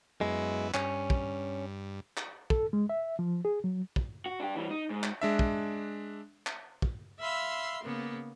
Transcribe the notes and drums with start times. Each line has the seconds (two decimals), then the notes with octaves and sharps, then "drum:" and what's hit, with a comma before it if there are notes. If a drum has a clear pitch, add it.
0.21 F#2 G#3 B3 E4
0.74 G2 C#4, drum: clap
1.10 drum: kick
2.17 drum: clap
2.50 A4, drum: kick
2.73 G#3
2.89 E5
3.19 F3
3.45 G#4
3.64 F#3
3.96 drum: kick
4.26 F#4
4.40 D4 G4
4.56 E3 G3
4.71 D#4
4.91 G#2
5.03 drum: clap
5.21 G#3 D4 E5
5.39 drum: kick
6.47 drum: clap
6.82 drum: kick
7.20 E5 F5 B5 C6 E6
7.83 C#3 A#3 B3